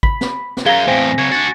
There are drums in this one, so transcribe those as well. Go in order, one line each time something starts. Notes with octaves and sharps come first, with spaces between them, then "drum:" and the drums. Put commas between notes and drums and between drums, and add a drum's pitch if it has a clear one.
B5, drum: kick G#1
drum: snare
drum: snare
F#2 G#4 F5 A#5 G#6 G7
E2 A2 C4 G#5 A#6 B6
C#3 F#3 G#6 C#7
D4 F#4 A6